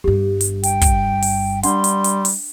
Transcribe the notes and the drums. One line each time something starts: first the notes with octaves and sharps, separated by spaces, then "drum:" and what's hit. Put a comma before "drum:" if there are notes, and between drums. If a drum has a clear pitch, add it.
G1 G2 G4
drum: hi-hat
G5, drum: hi-hat
drum: kick, hi-hat
drum: open hi-hat
G3 D4 F#5 C6, drum: hi-hat
drum: hi-hat
drum: hi-hat
drum: open hi-hat